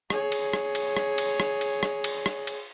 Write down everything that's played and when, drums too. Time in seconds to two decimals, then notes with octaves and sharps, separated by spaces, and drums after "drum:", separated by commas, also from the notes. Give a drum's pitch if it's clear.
0.10 G#4 C#5, drum: rim click
0.32 drum: cymbal
0.53 drum: rim click
0.75 drum: cymbal
0.97 drum: rim click
1.18 drum: cymbal
1.40 drum: rim click
1.61 drum: cymbal
1.83 drum: rim click
2.04 drum: cymbal
2.26 drum: rim click
2.47 drum: cymbal